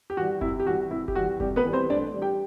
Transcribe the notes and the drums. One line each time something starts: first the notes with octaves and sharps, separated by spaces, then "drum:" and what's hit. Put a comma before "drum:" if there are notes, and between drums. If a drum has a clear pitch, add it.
G4
E3 G3 F#4
C3 E4, drum: kick F#1
G4
E3 G3 F#4
C3 E4
G4, drum: kick F#1
E3 G3 F#4
C3 G3 G4, drum: kick F#1
B3 B4
E3 G3
C4 C5
A2 D4 D5
G3
G4 G5